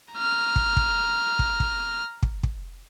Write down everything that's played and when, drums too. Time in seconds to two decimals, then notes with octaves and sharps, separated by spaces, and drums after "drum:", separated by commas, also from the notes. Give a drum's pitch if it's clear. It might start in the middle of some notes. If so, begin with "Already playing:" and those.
0.14 A#5 F6
0.56 drum: kick
0.77 drum: kick
1.39 drum: kick
1.60 drum: kick
2.23 drum: kick
2.43 drum: kick